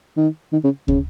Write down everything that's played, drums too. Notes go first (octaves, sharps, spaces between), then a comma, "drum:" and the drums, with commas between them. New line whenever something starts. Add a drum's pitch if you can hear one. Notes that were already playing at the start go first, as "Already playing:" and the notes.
D#3
D#3
C#3
C#3, drum: kick